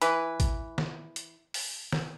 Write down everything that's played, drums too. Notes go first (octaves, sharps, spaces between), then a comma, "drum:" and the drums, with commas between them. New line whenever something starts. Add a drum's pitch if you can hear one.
E3 B4, drum: hi-hat
drum: kick A1, hi-hat
drum: snare
drum: hi-hat
drum: open hi-hat
drum: snare